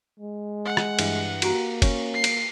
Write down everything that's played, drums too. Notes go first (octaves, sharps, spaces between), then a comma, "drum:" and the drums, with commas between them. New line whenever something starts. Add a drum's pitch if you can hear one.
G#3
F#5
drum: rim click
G2 E3 B4, drum: cymbal
A#3 F#4 G4 A#5, drum: cymbal
C#4, drum: kick, cymbal
C7
drum: cymbal